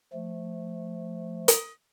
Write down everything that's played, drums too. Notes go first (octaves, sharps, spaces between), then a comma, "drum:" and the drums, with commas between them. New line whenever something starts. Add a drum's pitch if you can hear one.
F3 A3
drum: hi-hat